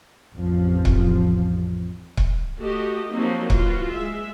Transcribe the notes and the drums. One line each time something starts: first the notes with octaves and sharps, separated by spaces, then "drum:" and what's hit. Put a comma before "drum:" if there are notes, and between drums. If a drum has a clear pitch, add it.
A1 F2 F3
drum: kick C#1
drum: kick C#1
A3 F#4 G4 D#5
F3 F#3 A#3 C4 D#4
E3 F4 F#4, drum: kick C#1
G#3 E5